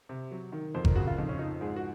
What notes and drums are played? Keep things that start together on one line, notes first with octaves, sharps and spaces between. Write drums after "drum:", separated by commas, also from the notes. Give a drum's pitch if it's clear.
C3
F#3
D#3
F2 C5
A#4, drum: kick G1
C#3 F#4
F4
F2 D#4
C#4
F3 D#4
G#2 G#4
F#4